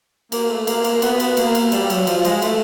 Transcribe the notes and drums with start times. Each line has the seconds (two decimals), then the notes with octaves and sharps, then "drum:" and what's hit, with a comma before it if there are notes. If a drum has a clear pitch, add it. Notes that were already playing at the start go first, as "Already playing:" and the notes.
0.32 A#3, drum: cymbal
0.50 A3
0.67 A#3, drum: cymbal
0.84 A#3, drum: cymbal
1.02 B3, drum: cymbal
1.20 drum: cymbal
1.37 A#3, drum: cymbal
1.55 drum: cymbal
1.72 G3, drum: cymbal
1.90 F#3, drum: cymbal
2.07 F3, drum: cymbal
2.25 G#3, drum: cymbal
2.42 A3, drum: cymbal